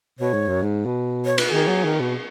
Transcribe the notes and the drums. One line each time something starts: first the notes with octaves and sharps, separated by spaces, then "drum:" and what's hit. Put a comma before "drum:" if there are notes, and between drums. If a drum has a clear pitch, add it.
B2 C#5
G#2
F#2
G#2
B2
C#5
B4, drum: cymbal
D#3 G#4
F#3
D#3
B2